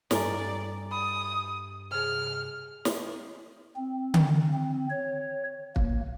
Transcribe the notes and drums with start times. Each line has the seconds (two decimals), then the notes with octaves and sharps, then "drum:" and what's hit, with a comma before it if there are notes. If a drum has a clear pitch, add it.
0.11 G2 A4 D5 G#5 A#5, drum: snare
0.91 B5 D#6
1.91 C3 G#4 F6
2.85 drum: snare
3.77 C4
4.14 drum: tom D3
4.54 C4
4.90 C#5
5.76 A#3, drum: kick